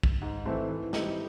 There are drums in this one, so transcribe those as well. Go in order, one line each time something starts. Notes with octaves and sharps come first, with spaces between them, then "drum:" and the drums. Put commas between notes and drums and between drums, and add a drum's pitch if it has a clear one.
drum: kick
G#2
E3 A3 C4
E3
G3 C4 D#4 G4, drum: snare